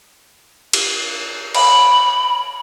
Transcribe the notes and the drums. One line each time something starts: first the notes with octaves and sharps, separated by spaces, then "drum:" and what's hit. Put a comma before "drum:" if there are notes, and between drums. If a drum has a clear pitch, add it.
drum: cymbal
B5, drum: cymbal